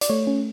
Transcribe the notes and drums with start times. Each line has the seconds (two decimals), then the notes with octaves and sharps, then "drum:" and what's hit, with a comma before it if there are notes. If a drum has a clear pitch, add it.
0.01 D5, drum: hi-hat
0.09 A3 C#5
0.27 C#4